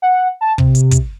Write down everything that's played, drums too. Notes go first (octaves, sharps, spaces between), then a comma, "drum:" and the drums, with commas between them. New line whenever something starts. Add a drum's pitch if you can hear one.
F#5
A5
C3, drum: kick
drum: hi-hat
drum: kick, hi-hat